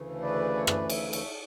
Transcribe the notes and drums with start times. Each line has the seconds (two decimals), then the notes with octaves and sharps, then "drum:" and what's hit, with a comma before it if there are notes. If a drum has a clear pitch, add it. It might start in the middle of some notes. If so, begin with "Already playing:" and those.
Already playing: D2 C#3 E3 A3
0.22 B4 D5
0.56 C#5
0.67 B4 D5, drum: rim click
0.90 C#5 E5, drum: cymbal
1.13 C#5 E5, drum: cymbal